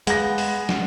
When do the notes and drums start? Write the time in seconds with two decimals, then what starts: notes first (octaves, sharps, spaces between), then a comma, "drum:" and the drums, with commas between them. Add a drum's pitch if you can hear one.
0.07 G#3 B3 F5 A#6, drum: hi-hat
0.38 drum: open hi-hat
0.69 drum: snare